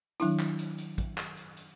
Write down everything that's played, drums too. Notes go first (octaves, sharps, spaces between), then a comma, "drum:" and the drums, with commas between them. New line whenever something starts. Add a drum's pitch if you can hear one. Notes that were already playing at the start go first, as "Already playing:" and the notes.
D#3 F#3 D4 E4, drum: hi-hat
drum: clap
drum: hi-hat
drum: hi-hat
drum: kick, hi-hat
drum: clap
drum: hi-hat
drum: hi-hat